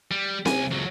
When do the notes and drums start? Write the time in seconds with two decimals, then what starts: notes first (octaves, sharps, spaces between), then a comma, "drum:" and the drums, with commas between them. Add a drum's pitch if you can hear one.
0.11 G3
0.46 C2 G#5, drum: snare C4
0.71 C#2 F#3